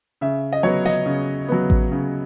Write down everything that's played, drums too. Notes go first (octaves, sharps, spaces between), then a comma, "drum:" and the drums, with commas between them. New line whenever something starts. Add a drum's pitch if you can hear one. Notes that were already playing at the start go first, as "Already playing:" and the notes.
C#3 E5
D#5
F#3 B3 C#5
D#5, drum: snare
C#3
F#3 B3
drum: kick A1
C#3